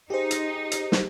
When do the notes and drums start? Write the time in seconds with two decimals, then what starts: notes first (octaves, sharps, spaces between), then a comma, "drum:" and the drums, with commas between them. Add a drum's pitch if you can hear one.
0.10 D#4 G4 G#4 C5
0.31 drum: hi-hat
0.72 drum: hi-hat
0.92 drum: snare